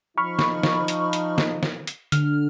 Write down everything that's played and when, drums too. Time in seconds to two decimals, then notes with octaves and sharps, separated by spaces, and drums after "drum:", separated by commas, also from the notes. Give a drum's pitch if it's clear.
0.18 F3 D#4 B5 C#6 F6
0.39 drum: snare
0.63 drum: snare
0.88 drum: hi-hat
1.13 drum: hi-hat
1.38 drum: snare
1.63 drum: snare
1.87 drum: hi-hat
2.12 D3 F6, drum: hi-hat